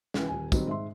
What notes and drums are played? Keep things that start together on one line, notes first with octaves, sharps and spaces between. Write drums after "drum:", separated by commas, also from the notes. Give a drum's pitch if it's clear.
C#2 E3, drum: snare
D#1 G#5
D#3 F#3 G3 C4, drum: kick, tambourine
G#2 E5 C6